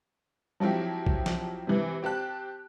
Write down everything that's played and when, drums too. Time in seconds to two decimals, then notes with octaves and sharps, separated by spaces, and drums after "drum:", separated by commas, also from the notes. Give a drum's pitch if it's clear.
0.60 F3 F#3 C4 E4 G4
1.06 drum: kick A#1
1.26 drum: snare
1.67 C3 E3
2.02 C4 G4 A5 F#6